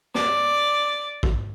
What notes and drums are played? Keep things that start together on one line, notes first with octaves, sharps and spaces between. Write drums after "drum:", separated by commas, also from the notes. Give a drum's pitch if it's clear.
D5, drum: snare
drum: kick